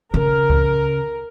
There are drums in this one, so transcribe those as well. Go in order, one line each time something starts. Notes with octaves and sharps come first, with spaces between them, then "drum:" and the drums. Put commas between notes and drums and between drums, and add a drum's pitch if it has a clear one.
C#3 A#4
drum: kick C#2